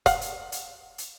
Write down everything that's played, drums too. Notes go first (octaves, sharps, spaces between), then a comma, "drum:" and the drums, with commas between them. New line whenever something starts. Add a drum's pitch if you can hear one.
F5 F#5, drum: kick, hi-hat
drum: hi-hat
drum: hi-hat
drum: hi-hat